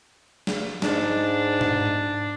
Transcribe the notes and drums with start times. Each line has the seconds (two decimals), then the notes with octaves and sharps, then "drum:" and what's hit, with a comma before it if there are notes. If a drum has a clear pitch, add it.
0.47 drum: snare
0.82 G#2 D4, drum: snare
1.61 drum: tom G#2